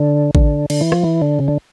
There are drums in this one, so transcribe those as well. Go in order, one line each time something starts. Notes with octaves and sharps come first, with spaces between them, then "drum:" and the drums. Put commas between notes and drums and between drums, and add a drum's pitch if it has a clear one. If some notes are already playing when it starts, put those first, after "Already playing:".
Already playing: D3
D3, drum: kick A1
D3, drum: cymbal
E3
F3, drum: rim click
E3
D3
C#3
D3